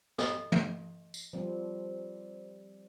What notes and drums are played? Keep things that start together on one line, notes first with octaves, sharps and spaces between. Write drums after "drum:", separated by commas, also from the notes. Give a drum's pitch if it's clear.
A4 D#5, drum: snare
drum: tom
drum: tambourine
F3 G3 C4